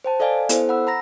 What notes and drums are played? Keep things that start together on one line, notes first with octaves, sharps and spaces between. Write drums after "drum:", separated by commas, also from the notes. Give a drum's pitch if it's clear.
C5 G5 A5
A4 D5 D#5 F5 G#5
B3 E4 A4 C5, drum: hi-hat
F#5 B5 E6
A#5 B5 A#6